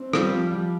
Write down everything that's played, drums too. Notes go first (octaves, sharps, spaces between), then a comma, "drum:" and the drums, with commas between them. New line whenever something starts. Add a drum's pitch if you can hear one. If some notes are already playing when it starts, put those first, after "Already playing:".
Already playing: C4
G3 F4, drum: rim click
F3
F3